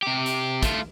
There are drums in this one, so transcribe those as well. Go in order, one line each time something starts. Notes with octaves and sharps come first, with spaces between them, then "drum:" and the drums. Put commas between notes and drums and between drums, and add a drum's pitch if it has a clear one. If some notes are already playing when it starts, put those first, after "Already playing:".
C3 G4
drum: hi-hat
A3 F4, drum: kick, hi-hat